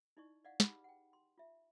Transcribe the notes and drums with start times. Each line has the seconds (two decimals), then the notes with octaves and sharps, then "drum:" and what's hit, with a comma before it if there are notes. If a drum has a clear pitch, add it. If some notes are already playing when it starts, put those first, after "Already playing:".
0.17 D#4 E4 D5 D#5 C#6
0.44 D5 D#5 F5 F#5
0.60 D#4 G4 G#4 B4 F#5 B5, drum: snare
0.84 F#5 G5
1.13 C6
1.38 F4 E5